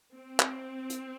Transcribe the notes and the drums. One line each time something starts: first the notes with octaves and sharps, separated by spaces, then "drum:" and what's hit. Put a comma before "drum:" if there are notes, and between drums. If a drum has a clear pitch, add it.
C4
drum: clap
drum: hi-hat